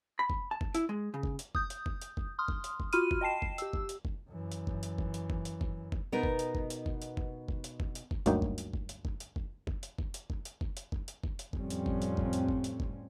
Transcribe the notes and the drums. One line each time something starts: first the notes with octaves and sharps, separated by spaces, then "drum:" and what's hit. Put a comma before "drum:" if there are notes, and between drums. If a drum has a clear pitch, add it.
B5
drum: kick
A5
drum: kick
E4, drum: hi-hat
G#3
C#3
drum: kick
drum: hi-hat
D#6 G6, drum: kick
drum: hi-hat
drum: kick
drum: hi-hat
drum: kick
C6 D#6 F6
drum: kick
drum: hi-hat
drum: kick
F4 F#4 B5 C6 F6 D#7, drum: hi-hat
drum: kick
D#5 G5 A5 C7 E7
drum: kick
G4 E6, drum: hi-hat
drum: kick
drum: hi-hat
drum: kick
F#2 E3
drum: hi-hat
drum: kick
drum: hi-hat
drum: kick
drum: hi-hat
drum: kick
drum: hi-hat
drum: kick
drum: kick
B2 B3 D#4 A#4
drum: kick
drum: hi-hat
drum: kick
drum: hi-hat
drum: kick
drum: hi-hat
drum: kick
drum: kick
drum: hi-hat
drum: kick
drum: hi-hat
drum: kick
G1 D2 F#3 A#3 D#4 G5, drum: hi-hat
drum: kick
drum: hi-hat
drum: kick
drum: hi-hat
drum: kick
drum: hi-hat
drum: kick
drum: kick
drum: hi-hat
drum: kick
drum: hi-hat
drum: kick
drum: hi-hat
drum: kick
drum: hi-hat
drum: kick
drum: hi-hat
drum: kick
drum: hi-hat
F2 A2 G3 C4 C#4, drum: kick
drum: hi-hat
drum: kick
drum: hi-hat
drum: kick
drum: hi-hat
drum: kick
drum: hi-hat
drum: kick